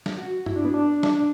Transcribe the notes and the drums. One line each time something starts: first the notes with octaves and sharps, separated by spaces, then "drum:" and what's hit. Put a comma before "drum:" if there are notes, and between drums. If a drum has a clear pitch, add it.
drum: snare
F#4
E4, drum: tom G2
D4
B3
D4
D4, drum: snare